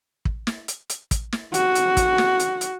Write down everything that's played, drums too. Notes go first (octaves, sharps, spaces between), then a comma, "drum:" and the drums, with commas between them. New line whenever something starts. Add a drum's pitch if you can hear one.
drum: kick
drum: snare
drum: hi-hat
drum: hi-hat
drum: kick, hi-hat
drum: snare
F#4, drum: hi-hat
drum: hi-hat
drum: kick, hi-hat
drum: snare
drum: hi-hat
drum: hi-hat